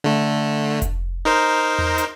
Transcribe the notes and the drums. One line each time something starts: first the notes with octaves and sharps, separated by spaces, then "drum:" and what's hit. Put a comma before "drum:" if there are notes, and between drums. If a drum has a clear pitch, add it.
D3 A3
drum: kick F1, hi-hat
D#4 A#4 C5
drum: tom E2
drum: hi-hat